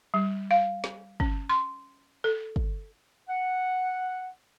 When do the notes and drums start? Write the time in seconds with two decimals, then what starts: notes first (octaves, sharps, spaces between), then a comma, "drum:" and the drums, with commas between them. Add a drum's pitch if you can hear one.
0.14 G3
0.51 F5
0.84 drum: snare
1.20 C#4, drum: kick
1.49 C6
2.24 A4
2.56 drum: kick
3.28 F#5